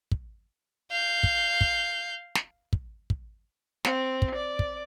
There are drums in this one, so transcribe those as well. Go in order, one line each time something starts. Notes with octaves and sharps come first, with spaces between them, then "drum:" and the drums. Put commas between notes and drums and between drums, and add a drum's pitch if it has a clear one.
drum: kick
F5 G6
drum: kick
drum: kick
drum: snare
drum: kick
drum: kick
C4, drum: snare
drum: kick
D5
drum: kick